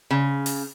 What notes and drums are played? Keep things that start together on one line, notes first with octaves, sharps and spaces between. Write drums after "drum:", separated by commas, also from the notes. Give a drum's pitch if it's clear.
C#3
drum: open hi-hat